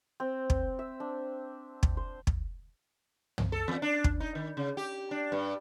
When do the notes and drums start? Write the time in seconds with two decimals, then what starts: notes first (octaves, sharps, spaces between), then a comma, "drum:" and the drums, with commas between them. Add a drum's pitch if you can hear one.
0.20 C4
0.50 drum: kick
0.79 E5
1.00 D4
1.83 drum: kick
1.97 C5
2.27 drum: kick
3.38 drum: tom
3.52 A4
3.68 E2
3.82 D4
4.04 drum: kick
4.20 D#4
4.35 D#3
4.57 C#3
4.77 G4
5.11 D4
5.32 G2